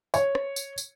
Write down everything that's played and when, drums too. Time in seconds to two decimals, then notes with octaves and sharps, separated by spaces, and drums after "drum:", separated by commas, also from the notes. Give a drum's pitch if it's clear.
0.14 C#5, drum: tambourine
0.35 drum: rim click
0.56 drum: tambourine
0.78 drum: tambourine